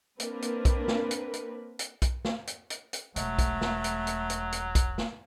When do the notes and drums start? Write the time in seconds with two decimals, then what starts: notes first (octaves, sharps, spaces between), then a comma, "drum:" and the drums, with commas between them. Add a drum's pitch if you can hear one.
0.20 A#3 C4 D4 A#4 B4, drum: hi-hat
0.42 drum: hi-hat
0.65 drum: kick B1, hi-hat
0.88 drum: snare
1.11 drum: hi-hat
1.34 drum: hi-hat
1.79 drum: hi-hat
2.02 drum: kick B1, hi-hat
2.25 drum: snare
2.47 drum: hi-hat
2.70 drum: hi-hat
2.93 drum: hi-hat
3.16 E1 F#3 A3, drum: hi-hat
3.39 drum: kick B1, hi-hat
3.61 drum: snare
3.84 drum: hi-hat
4.07 drum: hi-hat
4.30 drum: hi-hat
4.52 drum: hi-hat
4.75 drum: kick B1, hi-hat
4.98 drum: snare